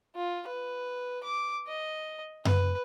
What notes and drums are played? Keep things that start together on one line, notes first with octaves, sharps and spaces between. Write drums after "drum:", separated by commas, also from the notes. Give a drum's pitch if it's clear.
F4
B4
D6
D#5
B4, drum: tom F#2